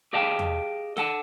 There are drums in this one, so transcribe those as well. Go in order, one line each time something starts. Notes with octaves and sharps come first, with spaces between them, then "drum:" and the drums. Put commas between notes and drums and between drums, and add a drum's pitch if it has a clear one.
G4 G#4 D#5 F5 G5 A5
drum: tom E2
A4 F#5 A5, drum: snare